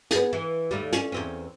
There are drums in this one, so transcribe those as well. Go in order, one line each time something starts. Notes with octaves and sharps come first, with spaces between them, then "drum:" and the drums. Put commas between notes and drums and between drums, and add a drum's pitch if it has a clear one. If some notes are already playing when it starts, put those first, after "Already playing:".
B3 G#4, drum: hi-hat
E3
D#2 A2 G3
C#4, drum: hi-hat
E2 C4 C#4